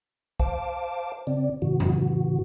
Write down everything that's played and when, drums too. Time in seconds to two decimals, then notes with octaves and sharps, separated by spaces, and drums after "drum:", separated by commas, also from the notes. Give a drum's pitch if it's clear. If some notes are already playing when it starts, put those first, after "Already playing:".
0.40 C5 F5 A5 D6, drum: kick
1.27 C#3 C4 D5
1.62 A2 C#3 E3 F#4
1.80 drum: tom F2